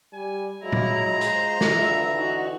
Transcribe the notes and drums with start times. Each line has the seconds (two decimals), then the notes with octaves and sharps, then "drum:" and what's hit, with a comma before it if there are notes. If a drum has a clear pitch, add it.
0.13 G3 G#5
0.63 F#3 G#3 E4 F4 A#5
0.72 drum: tom
1.21 G#4 C5, drum: hi-hat
1.61 drum: snare
1.73 D2 D3 E3 F4 E5
2.17 D#4 F#4